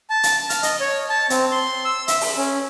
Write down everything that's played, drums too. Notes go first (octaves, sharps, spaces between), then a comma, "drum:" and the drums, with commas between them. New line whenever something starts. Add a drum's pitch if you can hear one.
A5
drum: hi-hat
F6, drum: hi-hat
D#5, drum: hi-hat
C#5
A5
C4, drum: hi-hat
C6
E6
E5, drum: hi-hat
drum: open hi-hat
C#4